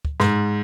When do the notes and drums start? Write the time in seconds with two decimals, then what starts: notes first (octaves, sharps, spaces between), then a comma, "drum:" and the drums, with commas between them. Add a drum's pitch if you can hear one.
0.05 drum: kick
0.20 G#2, drum: snare